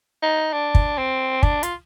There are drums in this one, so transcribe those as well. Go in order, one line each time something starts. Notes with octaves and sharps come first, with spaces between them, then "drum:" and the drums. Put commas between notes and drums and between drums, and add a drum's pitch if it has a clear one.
D#4
D4
drum: kick
C4
D4, drum: kick
F4, drum: hi-hat